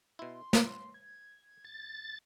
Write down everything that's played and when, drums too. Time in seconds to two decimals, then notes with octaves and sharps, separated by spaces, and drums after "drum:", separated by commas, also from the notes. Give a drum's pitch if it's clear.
0.19 B2 E4 C6
0.53 B4, drum: snare
0.94 G#6
1.64 A6